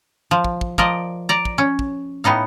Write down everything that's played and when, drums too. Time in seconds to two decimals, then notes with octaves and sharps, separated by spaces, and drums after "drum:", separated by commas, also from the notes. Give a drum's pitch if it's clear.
0.31 F3
0.44 drum: kick
0.61 drum: kick
0.78 F3 A#4 D5 D#5, drum: kick
1.29 D5 A#5
1.45 drum: kick
1.58 C#4
1.79 drum: kick
2.24 A2 B3 D#4 F5